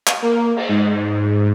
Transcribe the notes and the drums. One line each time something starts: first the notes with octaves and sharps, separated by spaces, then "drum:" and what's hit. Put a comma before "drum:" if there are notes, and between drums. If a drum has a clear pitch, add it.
drum: clap
A#3
drum: cymbal
G#2